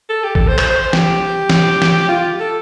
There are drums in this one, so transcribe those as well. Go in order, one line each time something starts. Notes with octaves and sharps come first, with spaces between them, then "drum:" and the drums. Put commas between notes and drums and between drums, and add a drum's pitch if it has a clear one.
A4
G4
A4, drum: kick
C5
C5, drum: clap
C5
G4, drum: snare
drum: snare
drum: snare
F4
A4